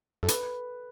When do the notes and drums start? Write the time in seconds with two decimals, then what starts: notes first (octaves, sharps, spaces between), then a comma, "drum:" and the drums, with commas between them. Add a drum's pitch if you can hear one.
0.23 F#2 A4
0.28 B4, drum: hi-hat